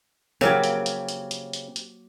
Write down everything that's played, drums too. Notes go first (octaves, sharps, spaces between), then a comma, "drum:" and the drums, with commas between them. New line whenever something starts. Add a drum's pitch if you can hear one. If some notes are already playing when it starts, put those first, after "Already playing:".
C#3 F#3 A#3 C4 G4
drum: hi-hat
drum: hi-hat
drum: hi-hat
drum: hi-hat
drum: hi-hat
drum: hi-hat